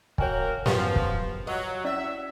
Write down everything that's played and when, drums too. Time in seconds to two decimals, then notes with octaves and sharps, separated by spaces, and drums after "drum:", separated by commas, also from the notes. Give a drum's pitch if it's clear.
0.18 A#3 F#4 A#4 C#5 G5 G#5, drum: kick
0.66 F#2 F3 B3 G4 B4 F5, drum: snare
0.96 drum: kick
1.47 F#3 D#5
1.84 C#4 E4 D5 E5